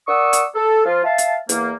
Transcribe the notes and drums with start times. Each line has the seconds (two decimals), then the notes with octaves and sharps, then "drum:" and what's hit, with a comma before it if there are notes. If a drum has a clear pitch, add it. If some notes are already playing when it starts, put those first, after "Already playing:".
0.07 A#4 D5 F#5 C#6 D#6 E6
0.33 drum: hi-hat
0.55 A4
0.85 F3 F4
1.04 E5 F5 A5
1.18 drum: hi-hat
1.49 E2 A#3, drum: hi-hat